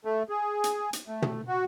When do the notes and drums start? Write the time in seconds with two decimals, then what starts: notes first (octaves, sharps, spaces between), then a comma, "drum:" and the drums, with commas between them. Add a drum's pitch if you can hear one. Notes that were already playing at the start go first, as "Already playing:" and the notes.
0.05 A3
0.29 G#4
0.64 drum: hi-hat
0.93 drum: hi-hat
1.07 A3
1.22 drum: tom
1.48 F#4